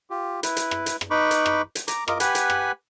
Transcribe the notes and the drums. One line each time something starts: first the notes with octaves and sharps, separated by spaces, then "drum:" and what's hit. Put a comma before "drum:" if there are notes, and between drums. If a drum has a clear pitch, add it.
F4 G4
E4 B4, drum: hi-hat
drum: hi-hat
drum: rim click
drum: hi-hat
drum: rim click
D#4 B4 B5 C#6 D6
drum: hi-hat
drum: rim click
drum: hi-hat
A#5 D6, drum: hi-hat
F4 A#4 D#5 D6, drum: rim click
G4 B4 F#5 G#5 B5, drum: hi-hat
drum: hi-hat
drum: rim click